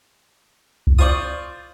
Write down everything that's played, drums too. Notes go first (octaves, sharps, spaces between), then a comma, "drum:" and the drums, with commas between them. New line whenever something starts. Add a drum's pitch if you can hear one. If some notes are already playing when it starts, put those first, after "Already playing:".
drum: kick C2
F4 C5 D5 C#6 D#6